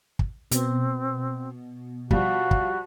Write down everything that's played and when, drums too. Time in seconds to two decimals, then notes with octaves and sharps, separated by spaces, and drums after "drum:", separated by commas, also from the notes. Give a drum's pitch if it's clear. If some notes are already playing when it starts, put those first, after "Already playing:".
0.19 drum: kick
0.51 B2 B3 C4, drum: hi-hat
2.11 F3 G3 F#4 F5, drum: kick
2.51 drum: kick